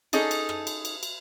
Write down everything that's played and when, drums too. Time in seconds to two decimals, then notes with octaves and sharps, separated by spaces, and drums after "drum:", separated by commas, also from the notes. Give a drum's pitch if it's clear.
0.13 C#4 D#4 G#4 A4, drum: cymbal
0.31 drum: cymbal
0.49 drum: rim click
0.67 drum: cymbal
0.85 drum: cymbal
1.03 drum: cymbal